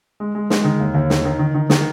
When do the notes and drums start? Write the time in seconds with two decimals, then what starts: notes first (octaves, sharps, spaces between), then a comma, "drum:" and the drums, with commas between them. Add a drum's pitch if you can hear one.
0.20 G#3
0.35 G#3
0.50 G#3, drum: snare
0.65 D#3
0.80 D#2
0.94 D#2
1.10 D#3, drum: snare
1.25 D#3
1.39 D#3
1.55 D#3
1.70 D#3, drum: snare